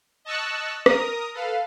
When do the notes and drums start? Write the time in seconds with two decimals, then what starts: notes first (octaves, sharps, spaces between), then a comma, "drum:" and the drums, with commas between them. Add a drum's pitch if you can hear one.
0.25 D#5 A5 C#6 E6 F#6
0.86 A#4 A#5 D#6, drum: rim click
1.34 A4 B4 F5